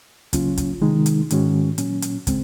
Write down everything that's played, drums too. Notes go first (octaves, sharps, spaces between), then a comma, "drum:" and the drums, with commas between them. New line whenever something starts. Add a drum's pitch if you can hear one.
C#3 F#3 A#3 C#4 F4, drum: kick, hi-hat
drum: kick, hi-hat
C3 D#3 G#3 D#4
drum: hi-hat
G#2 D#3 G#3 C#4 F#4, drum: hi-hat
A#2 F#3 A#3 C#4, drum: hi-hat
drum: hi-hat
C#3 G#3 C4, drum: kick, hi-hat